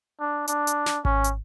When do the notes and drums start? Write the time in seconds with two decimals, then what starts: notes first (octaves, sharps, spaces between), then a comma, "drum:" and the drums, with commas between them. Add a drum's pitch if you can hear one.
0.20 D4
0.48 D4, drum: hi-hat
0.67 drum: hi-hat
0.86 drum: snare
1.05 C#4, drum: kick G#1
1.24 drum: hi-hat